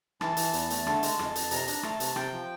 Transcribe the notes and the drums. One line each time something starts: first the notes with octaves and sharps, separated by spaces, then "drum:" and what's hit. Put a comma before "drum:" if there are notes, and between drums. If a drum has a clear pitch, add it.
E3 A5, drum: rim click
E3, drum: hi-hat
E2, drum: hi-hat
A3, drum: hi-hat
D3 A5, drum: rim click
G#3, drum: hi-hat
F2, drum: rim click
F2, drum: hi-hat
C3 A#5, drum: hi-hat
D4, drum: hi-hat
A3 A5, drum: rim click
C3, drum: hi-hat
C3 G5, drum: rim click
F3